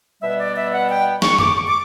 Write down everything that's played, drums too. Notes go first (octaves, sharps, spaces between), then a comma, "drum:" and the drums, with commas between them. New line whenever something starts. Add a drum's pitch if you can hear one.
B2 G3 B3 E5
D5
E5
F#5
G5
C#6, drum: snare
D6, drum: tom F#2
C#6
D6